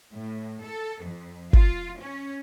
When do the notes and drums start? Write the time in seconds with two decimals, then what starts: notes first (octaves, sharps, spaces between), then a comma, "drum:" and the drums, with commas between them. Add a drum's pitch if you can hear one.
0.13 A2
0.63 A4
1.03 F2
1.53 F4, drum: kick G1
1.99 C#4